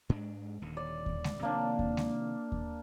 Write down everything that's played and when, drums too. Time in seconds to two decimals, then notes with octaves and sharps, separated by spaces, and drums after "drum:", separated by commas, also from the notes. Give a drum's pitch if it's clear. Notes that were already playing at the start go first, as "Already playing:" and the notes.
0.09 G#2 G#3 D4
0.62 D#1 D#2 D3
0.77 D5
1.06 drum: kick D#2
1.24 drum: snare G#3
1.43 C3 D#3 F3 A#3 D4
1.79 drum: kick D#2
1.97 drum: snare G#3
2.52 drum: kick D#2